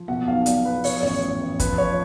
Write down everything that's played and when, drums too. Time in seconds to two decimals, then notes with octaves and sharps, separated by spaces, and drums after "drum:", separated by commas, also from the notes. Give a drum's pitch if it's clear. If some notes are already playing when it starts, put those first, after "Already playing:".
Already playing: F3
0.08 B2 F#5
0.27 B1 F5
0.46 B2 D5, drum: hi-hat
0.65 B2 B4
0.84 F3 C#5, drum: open hi-hat
1.02 A1 C#5
1.22 A1
1.41 A1
1.60 F3 B4, drum: kick, hi-hat
1.78 F3 C#5